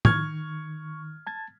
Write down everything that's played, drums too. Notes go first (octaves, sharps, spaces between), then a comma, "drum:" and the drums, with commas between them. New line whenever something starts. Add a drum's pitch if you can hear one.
D#3 C#6 F6 G#6, drum: tom A2
A5 G#6 A6